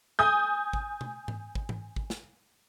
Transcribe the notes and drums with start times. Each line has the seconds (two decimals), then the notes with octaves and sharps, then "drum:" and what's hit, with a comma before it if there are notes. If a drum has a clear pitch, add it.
0.19 G#5 D#6 G6
0.73 drum: kick
1.01 drum: tom B2
1.28 drum: tom G#2
1.55 drum: kick
1.69 drum: tom G#2
1.96 drum: kick
2.10 drum: snare